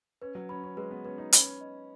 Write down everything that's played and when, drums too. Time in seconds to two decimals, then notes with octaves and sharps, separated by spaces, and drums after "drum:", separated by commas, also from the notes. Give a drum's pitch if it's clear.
0.22 C#4 B4
0.35 F#3
0.49 C#4 B5
0.64 C#4
0.77 G#3 B4
0.91 B3
1.05 C#4 B4
1.18 D#4
1.33 C#4 B5, drum: hi-hat
1.61 D#5